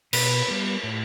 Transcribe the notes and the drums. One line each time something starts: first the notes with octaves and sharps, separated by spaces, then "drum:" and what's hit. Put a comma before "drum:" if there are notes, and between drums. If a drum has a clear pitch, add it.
B2 B4, drum: cymbal
G3 B3
A2